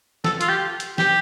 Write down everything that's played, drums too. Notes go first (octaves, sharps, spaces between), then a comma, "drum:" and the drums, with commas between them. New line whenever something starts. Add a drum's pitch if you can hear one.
A4, drum: snare
F4, drum: hi-hat
G4
drum: hi-hat
G4, drum: snare